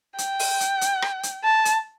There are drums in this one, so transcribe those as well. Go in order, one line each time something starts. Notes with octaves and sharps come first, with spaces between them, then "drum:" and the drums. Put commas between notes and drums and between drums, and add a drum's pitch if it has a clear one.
G5, drum: hi-hat
drum: open hi-hat
drum: hi-hat
drum: hi-hat
drum: rim click
drum: hi-hat
A5
drum: hi-hat